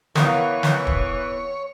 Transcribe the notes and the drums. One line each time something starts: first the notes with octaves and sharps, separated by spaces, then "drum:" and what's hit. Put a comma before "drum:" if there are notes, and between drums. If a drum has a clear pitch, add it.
E3 B3 A#4 C#5 F5, drum: snare
drum: snare
drum: kick